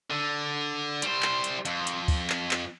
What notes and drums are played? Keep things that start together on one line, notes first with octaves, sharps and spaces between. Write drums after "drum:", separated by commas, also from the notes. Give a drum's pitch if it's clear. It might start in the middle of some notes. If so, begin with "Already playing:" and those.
D3
G3 C5, drum: hi-hat
drum: clap
drum: hi-hat
F2, drum: hi-hat
drum: hi-hat
drum: kick, open hi-hat
drum: clap
drum: clap